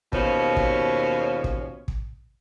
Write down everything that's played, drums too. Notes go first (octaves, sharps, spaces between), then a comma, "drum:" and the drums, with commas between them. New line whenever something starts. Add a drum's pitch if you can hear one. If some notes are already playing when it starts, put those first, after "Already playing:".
D#2 B2 F3 C#4 C#5 F5, drum: kick
drum: kick
drum: kick
drum: kick